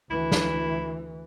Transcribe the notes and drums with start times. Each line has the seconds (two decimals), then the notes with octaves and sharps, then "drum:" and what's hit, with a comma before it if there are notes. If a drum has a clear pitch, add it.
0.10 D2 E3 E4
0.32 drum: snare